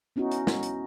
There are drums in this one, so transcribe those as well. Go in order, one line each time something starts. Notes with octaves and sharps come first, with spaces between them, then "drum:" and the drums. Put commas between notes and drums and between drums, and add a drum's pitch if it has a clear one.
B3 C#4 D#4 E4 F#4
drum: hi-hat
drum: snare
drum: hi-hat